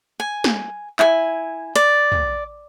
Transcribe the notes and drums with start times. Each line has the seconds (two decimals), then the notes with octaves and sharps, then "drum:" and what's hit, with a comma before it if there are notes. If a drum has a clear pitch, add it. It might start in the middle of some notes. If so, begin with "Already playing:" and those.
0.20 G#5
0.44 drum: snare
0.99 E4 G#5, drum: clap
1.76 D5, drum: hi-hat
2.12 drum: tom